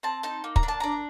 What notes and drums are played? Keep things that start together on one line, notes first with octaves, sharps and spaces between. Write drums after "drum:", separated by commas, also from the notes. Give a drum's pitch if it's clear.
C4 A5
D#4 A5
A#3
A#5, drum: kick
D4
A5
D4 A#5